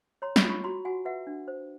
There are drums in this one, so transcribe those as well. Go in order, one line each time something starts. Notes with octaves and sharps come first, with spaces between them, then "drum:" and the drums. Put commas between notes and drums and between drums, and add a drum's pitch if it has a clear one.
C#5 A#5 C6
B5 C#6, drum: snare
F4
B5 C#6
F#4 A#5 C6
F#4 F#5 G#5
B4 E5 F#5
D4
C5